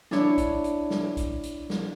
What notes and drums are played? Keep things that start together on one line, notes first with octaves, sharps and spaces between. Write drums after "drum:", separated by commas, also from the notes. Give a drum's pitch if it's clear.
D4 E4 C#5, drum: snare
drum: kick, hi-hat
drum: hi-hat
drum: snare
drum: kick, hi-hat
drum: hi-hat
drum: snare